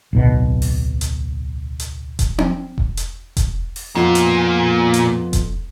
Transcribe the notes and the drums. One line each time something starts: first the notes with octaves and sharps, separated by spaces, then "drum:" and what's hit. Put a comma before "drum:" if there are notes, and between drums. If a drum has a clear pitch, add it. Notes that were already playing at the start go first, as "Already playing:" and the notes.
D1 B1 B2
drum: open hi-hat
drum: hi-hat
drum: hi-hat
drum: kick E1, hi-hat
drum: tom C4
drum: kick E1
drum: hi-hat
drum: kick E1, hi-hat
drum: open hi-hat
F2 A#2 B3 F4
drum: hi-hat
drum: hi-hat
drum: kick E1, hi-hat